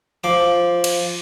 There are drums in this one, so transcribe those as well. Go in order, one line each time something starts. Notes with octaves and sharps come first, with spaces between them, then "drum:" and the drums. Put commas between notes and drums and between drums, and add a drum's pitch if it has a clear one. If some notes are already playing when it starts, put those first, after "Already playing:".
F3 D6
drum: cymbal